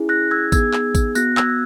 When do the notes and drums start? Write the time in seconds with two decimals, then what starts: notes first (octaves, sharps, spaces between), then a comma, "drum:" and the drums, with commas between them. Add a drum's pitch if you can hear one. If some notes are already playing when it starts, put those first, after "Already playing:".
Already playing: C#4 E4 G#4
0.09 F#6 A#6
0.31 E6 G#6
0.52 B3 D#4 G#4 E6 G#6, drum: kick A1, tambourine
0.73 drum: clap
0.95 drum: kick A1, tambourine
1.15 B3 F#4 F#6 A#6, drum: tambourine
1.37 E6 G#6, drum: clap
1.49 F#6